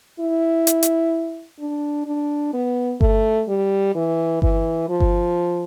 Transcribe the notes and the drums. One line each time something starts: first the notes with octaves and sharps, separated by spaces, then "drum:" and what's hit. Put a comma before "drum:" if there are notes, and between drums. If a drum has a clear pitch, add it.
E4
drum: hi-hat
drum: hi-hat
D4
D4
B3
A3, drum: kick G1
G3
E3
E3, drum: kick G1
F3
drum: kick G1